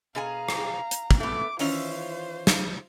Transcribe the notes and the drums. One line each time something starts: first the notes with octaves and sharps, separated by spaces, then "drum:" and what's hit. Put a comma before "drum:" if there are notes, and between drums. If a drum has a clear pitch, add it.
B2 G#4 F5 G#5 A#5
drum: rim click
drum: hi-hat
drum: kick
A3 B3 D6
D#3 E3 C#4 F4 C5, drum: open hi-hat
drum: snare